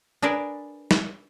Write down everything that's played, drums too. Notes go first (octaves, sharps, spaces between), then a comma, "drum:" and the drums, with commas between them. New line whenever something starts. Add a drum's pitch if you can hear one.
D4 G#4 A#4 B4 D5
drum: snare